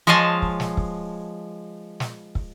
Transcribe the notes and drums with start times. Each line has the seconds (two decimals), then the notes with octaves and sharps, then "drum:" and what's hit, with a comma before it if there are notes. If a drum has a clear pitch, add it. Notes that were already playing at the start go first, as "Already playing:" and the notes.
0.07 F3 G#3 C#5 D#5 F5 A5
0.42 drum: kick
0.60 drum: snare
0.77 drum: kick
2.00 drum: snare
2.35 drum: kick